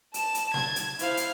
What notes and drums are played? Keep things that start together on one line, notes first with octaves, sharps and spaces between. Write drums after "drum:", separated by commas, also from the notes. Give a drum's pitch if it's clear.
A5 E7, drum: hi-hat
drum: hi-hat
A5 G#6, drum: snare
drum: hi-hat
E4 C5 F5, drum: hi-hat
drum: hi-hat